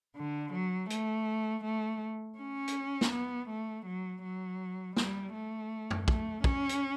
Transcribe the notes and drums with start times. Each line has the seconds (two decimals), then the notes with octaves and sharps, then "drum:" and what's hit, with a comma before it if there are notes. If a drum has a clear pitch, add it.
0.16 D3
0.53 F#3
0.90 A3, drum: hi-hat
1.64 A3
2.39 C#4
2.68 drum: hi-hat
3.01 drum: snare
3.12 B3
3.49 A3
3.86 F#3
4.23 F#3
4.97 G3, drum: snare
5.33 A3
5.91 drum: tom F#2
6.08 A3, drum: kick
6.44 C#4, drum: kick
6.69 drum: hi-hat